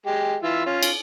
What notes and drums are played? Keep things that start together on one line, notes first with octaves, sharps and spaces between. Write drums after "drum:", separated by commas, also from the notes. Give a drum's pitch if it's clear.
G#3 G4
E3 F4 E5
C#4 F4
drum: cymbal